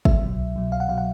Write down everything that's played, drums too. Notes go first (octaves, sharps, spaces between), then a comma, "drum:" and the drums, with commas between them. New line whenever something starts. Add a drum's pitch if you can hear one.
C2 E5, drum: kick
B2 F#3
C2
B2 F#3
C2 F5
F#5
B2 F#3 F5
F#5